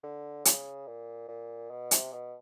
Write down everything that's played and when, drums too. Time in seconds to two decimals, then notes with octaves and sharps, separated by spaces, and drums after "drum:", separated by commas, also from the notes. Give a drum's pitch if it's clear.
0.03 D3
0.45 C#3, drum: hi-hat
0.87 A#2
1.28 A#2
1.70 B2
1.91 C3, drum: hi-hat
2.12 B2